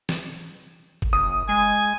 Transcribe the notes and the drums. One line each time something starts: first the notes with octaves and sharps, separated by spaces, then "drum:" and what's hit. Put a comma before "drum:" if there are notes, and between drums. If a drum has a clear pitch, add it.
drum: snare
drum: kick
F#1 D#6
G#3 G#5